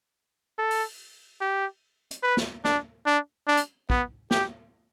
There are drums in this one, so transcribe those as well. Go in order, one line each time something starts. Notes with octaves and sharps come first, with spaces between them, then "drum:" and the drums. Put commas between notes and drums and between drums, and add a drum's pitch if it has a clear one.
A4
drum: open hi-hat
G4
drum: hi-hat
B4
drum: snare
D4, drum: snare
D4
D4
drum: hi-hat
B3, drum: kick
G4, drum: snare